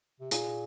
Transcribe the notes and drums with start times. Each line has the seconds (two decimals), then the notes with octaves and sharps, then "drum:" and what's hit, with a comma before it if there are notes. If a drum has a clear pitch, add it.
0.20 C3
0.31 A#2 F4 G#4, drum: hi-hat